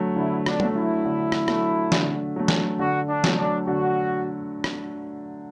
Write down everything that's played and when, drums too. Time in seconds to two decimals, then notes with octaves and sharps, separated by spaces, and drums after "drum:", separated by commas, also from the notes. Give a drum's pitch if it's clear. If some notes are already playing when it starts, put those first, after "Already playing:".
Already playing: D3 F#3 A3
0.16 D3 E4
0.46 D4, drum: rim click
0.60 F#3 A3, drum: tom
0.76 E4
1.05 D3
1.32 drum: rim click
1.48 F#3 A3, drum: rim click
1.92 D3, drum: snare
2.36 F#3 A3
2.48 drum: snare
2.79 D3 F#4
3.08 D4
3.24 F#3 A3, drum: snare
3.38 D4
3.67 D3 F#4
4.64 drum: rim click